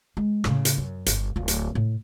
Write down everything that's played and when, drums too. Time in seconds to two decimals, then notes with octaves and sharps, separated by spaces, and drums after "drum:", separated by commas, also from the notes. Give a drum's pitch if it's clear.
0.17 G#3
0.44 A2 C#3, drum: rim click
0.65 drum: hi-hat
0.78 F#2
1.06 G1, drum: hi-hat
1.36 D1 F4
1.48 drum: hi-hat
1.75 A2